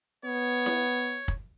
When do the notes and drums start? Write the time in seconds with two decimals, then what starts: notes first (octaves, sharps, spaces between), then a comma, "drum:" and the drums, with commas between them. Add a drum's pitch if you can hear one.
0.25 B3 C#5
0.66 drum: snare E4
1.28 drum: kick